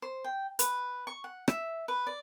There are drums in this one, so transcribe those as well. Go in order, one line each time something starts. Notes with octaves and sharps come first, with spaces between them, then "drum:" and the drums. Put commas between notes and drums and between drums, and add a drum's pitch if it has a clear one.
C5
G5
B4, drum: hi-hat
C#6
F#5
E5, drum: rim click
B4
D5